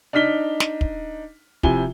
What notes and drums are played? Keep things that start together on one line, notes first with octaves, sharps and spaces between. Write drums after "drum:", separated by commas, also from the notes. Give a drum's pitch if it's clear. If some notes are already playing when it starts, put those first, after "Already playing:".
D4 D#4 F6 B6 G7
drum: snare
drum: kick
C3 F3 E4 G#5 G7, drum: kick